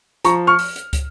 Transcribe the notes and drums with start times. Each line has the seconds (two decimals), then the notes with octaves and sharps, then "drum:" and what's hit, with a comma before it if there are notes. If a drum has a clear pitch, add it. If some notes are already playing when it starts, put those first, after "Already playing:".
0.25 F3 A#5 C#6, drum: hi-hat
0.47 C#6 F6
0.59 drum: open hi-hat
0.76 drum: hi-hat
0.93 drum: kick, hi-hat